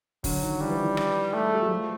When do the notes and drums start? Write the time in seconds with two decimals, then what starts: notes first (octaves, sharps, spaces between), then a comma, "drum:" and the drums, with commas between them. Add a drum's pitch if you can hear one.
0.24 D3 F#3, drum: kick, open hi-hat
0.42 D#3
0.61 F3 G3
0.69 E3
0.76 D#3
0.83 E3
0.97 drum: rim click
1.33 A3
1.47 G#3
1.54 G3
1.62 F#3
1.71 F3